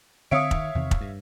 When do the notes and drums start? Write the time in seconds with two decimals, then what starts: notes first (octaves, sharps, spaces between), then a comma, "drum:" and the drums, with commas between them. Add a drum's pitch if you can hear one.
0.31 D3 C4 C#5 E5 F5 D#6 C#7 D7
0.51 D#3, drum: kick
0.75 E2 C3 D#3
0.91 drum: kick
1.01 G2